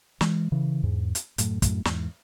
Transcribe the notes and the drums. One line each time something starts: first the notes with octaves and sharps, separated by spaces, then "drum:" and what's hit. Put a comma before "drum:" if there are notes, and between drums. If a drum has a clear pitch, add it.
E3 G#3, drum: snare
C#3 E3
E2 G#2
drum: hi-hat
F#2 A2, drum: hi-hat
F#2 A2, drum: kick, hi-hat
E2 G#2, drum: snare